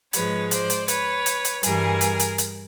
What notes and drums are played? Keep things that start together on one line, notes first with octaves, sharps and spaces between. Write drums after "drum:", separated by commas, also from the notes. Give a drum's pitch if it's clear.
G#2 F3 G#3 B4 C#5, drum: hi-hat
C5 D5, drum: hi-hat
drum: hi-hat
B4 C#5, drum: hi-hat
drum: hi-hat
drum: hi-hat
G2 E3 G3 G#4 A#4, drum: hi-hat
drum: hi-hat
drum: hi-hat
drum: hi-hat